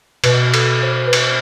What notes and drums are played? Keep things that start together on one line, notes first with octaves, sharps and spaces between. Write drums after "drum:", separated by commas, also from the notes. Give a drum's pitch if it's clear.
B2 B4, drum: cymbal
A4, drum: cymbal
C5
B4
C5, drum: cymbal